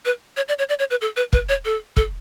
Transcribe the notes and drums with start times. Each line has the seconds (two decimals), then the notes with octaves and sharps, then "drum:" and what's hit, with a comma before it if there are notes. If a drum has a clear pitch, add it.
0.05 B4
0.37 C#5
0.48 D5
0.59 C#5
0.69 D5
0.79 C#5
0.91 B4
1.01 A4
1.16 B4
1.33 B4, drum: kick
1.49 C#5
1.65 A4
1.97 A4, drum: kick